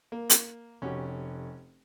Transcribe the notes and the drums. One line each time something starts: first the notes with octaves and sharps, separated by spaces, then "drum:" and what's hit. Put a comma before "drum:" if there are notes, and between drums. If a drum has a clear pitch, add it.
A#3
drum: hi-hat
F1 C#4 F#4 G4